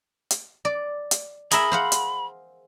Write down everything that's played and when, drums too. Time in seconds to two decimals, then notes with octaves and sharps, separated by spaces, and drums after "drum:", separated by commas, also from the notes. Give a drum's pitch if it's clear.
0.31 drum: hi-hat
0.65 D5
1.11 drum: hi-hat
1.51 G#4 A#4 E5 B5, drum: hi-hat
1.72 C5 F5 F#5
1.92 drum: hi-hat